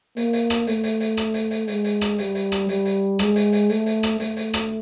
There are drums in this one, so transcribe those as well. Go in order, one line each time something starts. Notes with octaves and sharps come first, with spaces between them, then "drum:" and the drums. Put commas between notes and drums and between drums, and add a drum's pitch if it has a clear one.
A#3, drum: hi-hat
drum: hi-hat
drum: rim click
A3, drum: hi-hat
drum: hi-hat
drum: hi-hat
drum: rim click
drum: hi-hat
drum: hi-hat
G#3, drum: hi-hat
drum: hi-hat
drum: rim click
G3, drum: hi-hat
drum: hi-hat
drum: rim click
G3, drum: hi-hat
drum: hi-hat
G#3, drum: rim click
drum: hi-hat
drum: hi-hat
A3, drum: hi-hat
drum: hi-hat
drum: rim click
A3, drum: hi-hat
drum: hi-hat
drum: rim click